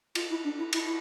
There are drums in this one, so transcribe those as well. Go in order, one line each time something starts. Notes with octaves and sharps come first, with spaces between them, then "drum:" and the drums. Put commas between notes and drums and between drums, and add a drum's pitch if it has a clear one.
F4, drum: cymbal
E4
D4
E4
E4, drum: cymbal
E4